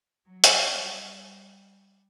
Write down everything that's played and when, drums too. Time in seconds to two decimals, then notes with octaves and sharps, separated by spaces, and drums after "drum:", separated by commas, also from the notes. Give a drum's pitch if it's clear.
0.26 F#3
0.44 drum: hi-hat
0.59 G3